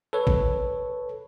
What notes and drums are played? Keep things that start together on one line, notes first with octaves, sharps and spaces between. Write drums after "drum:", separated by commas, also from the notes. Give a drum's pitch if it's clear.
A4 B4 C#5
drum: kick